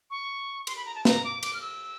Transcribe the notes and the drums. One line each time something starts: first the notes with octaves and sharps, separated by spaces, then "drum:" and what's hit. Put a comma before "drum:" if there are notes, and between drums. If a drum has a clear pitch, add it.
C#6
C6, drum: cymbal
B5
A#5
A5
A#5, drum: snare
D6
D6, drum: cymbal
F6
E6